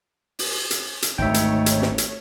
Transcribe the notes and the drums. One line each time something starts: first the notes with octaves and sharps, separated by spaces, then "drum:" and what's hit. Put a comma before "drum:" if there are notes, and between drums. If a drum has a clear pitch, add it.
drum: open hi-hat
drum: hi-hat
drum: hi-hat
G#1 D2 A3 D#4 C#5 E5 G5
drum: hi-hat
drum: hi-hat
drum: snare
drum: hi-hat